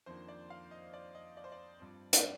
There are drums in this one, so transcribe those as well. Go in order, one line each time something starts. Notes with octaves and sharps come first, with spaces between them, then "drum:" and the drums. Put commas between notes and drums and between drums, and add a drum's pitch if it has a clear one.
F2 D#3 A#3 D4 C5
D5
F5
D#5
D5
D#5
D5
C5
D5
G2 F3 C4
drum: hi-hat